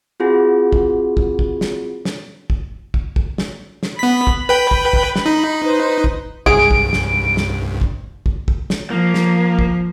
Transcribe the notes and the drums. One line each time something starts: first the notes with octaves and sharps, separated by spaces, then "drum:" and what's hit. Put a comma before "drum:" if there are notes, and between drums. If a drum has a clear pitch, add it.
C4 F4 F#4 G#4
drum: kick
drum: kick
drum: kick
drum: snare
drum: snare
drum: kick
drum: kick
drum: kick
drum: snare
drum: snare
B3 B5 B6
drum: kick
B4 G5
drum: kick
drum: kick
drum: snare
D#4
B4 C5
drum: kick
C2 G2 G#4 D7, drum: kick
drum: kick
drum: snare
drum: snare
drum: kick
drum: kick
drum: kick
drum: snare
F3 A#3
drum: snare
drum: kick